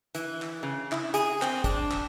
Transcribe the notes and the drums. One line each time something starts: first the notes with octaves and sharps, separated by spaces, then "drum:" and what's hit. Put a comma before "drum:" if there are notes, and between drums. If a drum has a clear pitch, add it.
E3, drum: hi-hat
drum: clap
C#3
E4, drum: clap
G#4, drum: hi-hat
C4, drum: clap
D4, drum: kick, hi-hat
drum: clap